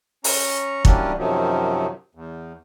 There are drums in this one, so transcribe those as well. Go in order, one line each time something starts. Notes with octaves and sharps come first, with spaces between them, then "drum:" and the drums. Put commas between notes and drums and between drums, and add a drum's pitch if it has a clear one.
C#4 A#5 C#6, drum: open hi-hat
E3 F#3 G3 A#3 C#4 D4, drum: kick
F#2 C3 D#3 F3 F#3
E2